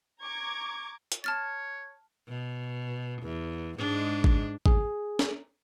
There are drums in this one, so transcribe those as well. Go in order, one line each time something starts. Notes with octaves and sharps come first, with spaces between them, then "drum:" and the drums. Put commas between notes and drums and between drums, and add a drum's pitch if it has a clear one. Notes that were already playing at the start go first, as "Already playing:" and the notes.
A#5 C#6 D6 G#6
drum: hi-hat
C#5 A5 F6 A6
B2
E2
G#2 G#3 D4
drum: kick
G#4, drum: kick
drum: snare